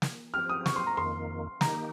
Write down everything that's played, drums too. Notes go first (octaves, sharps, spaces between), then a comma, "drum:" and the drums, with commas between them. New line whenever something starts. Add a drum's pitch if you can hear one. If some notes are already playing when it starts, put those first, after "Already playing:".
drum: snare
F3 C4 G4 F6
D#6
C#6, drum: snare
C6
A#5
F2 D#3 A#3 C6
D#3 A#3 D#4 G4 A#5, drum: snare